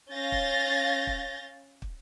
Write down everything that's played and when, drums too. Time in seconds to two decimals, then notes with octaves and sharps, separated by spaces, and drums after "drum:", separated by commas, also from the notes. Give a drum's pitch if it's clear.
0.13 C#4 F5 G6 A6 A#6
0.32 drum: kick
1.07 drum: kick
1.82 drum: kick